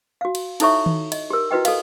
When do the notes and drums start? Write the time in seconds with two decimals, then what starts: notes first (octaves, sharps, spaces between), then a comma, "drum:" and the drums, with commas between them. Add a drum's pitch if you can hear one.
0.21 F#4 F5
0.35 drum: cymbal
0.60 D#4 E4 A4 C#5 E5 C#6, drum: cymbal
0.86 drum: tom D#3
1.12 D#5, drum: cymbal
1.30 G4 A#4
1.51 E4 F#4 B4 D#5 G5
1.65 A4 D#5 F5, drum: cymbal